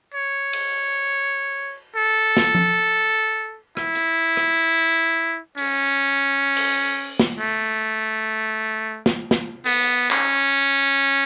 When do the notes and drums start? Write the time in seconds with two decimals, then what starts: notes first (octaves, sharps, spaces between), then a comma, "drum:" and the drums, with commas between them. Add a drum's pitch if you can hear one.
0.14 C#5
0.53 drum: cymbal
1.96 A4
2.37 drum: snare
2.55 drum: tom F3
3.77 E4, drum: rim click
3.95 drum: hi-hat
4.37 drum: rim click
5.57 C#4, drum: open hi-hat
6.57 drum: cymbal
7.20 drum: snare
7.39 A3
9.06 drum: snare
9.31 drum: snare
9.66 B3, drum: open hi-hat
10.11 C#4, drum: clap